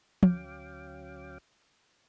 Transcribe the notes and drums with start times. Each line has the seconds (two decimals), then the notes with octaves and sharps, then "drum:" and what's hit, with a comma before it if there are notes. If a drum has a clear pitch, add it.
0.23 D2 F#3 C#4 F5 G5 D6, drum: tom